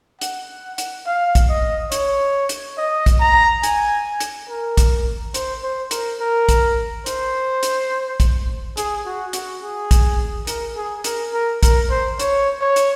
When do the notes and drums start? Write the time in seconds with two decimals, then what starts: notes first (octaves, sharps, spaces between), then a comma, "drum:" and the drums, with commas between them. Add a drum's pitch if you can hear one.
0.21 F#5, drum: hi-hat
0.78 drum: hi-hat
1.07 F5
1.35 drum: kick, hi-hat
1.50 D#5
1.92 C#5, drum: hi-hat
2.49 drum: hi-hat
2.78 D#5
3.06 drum: kick, hi-hat
3.20 A#5
3.63 G#5, drum: hi-hat
4.20 drum: hi-hat
4.49 A#4
4.77 drum: kick, hi-hat
5.34 C5, drum: hi-hat
5.63 C5
5.91 A#4, drum: hi-hat
6.21 A#4
6.49 drum: kick, hi-hat
7.06 C5, drum: hi-hat
7.63 drum: hi-hat
8.20 drum: kick, hi-hat
8.77 G#4, drum: hi-hat
9.06 F#4
9.33 F#4, drum: hi-hat
9.63 G#4
9.91 drum: kick, hi-hat
10.47 A#4, drum: hi-hat
10.76 G#4
11.04 A#4, drum: hi-hat
11.33 A#4
11.63 A#4, drum: kick, hi-hat
11.90 C5
12.19 C#5, drum: hi-hat
12.62 C#5
12.76 drum: hi-hat